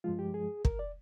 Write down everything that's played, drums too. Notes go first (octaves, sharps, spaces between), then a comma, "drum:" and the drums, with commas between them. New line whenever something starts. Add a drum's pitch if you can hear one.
G2 F3 G#3 F4
G4
G#4
A#4, drum: kick
D5